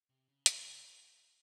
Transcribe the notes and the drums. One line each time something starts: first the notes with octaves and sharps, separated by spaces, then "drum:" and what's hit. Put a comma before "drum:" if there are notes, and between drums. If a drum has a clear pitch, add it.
C3
C#3
D#3, drum: hi-hat
C#3